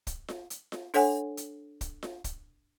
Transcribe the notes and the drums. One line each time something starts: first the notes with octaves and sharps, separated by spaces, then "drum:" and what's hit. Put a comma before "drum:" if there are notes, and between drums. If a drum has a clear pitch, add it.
drum: kick, hi-hat
drum: snare F4
drum: hi-hat
drum: snare F4
D4 A4 C#5 F#5 G#5, drum: open hi-hat
drum: hi-hat
drum: kick, hi-hat
drum: snare F4
drum: kick, hi-hat